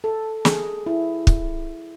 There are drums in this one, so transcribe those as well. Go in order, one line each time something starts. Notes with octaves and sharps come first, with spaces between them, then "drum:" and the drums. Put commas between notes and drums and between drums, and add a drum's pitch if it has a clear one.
A4
G#4, drum: snare
E4
drum: kick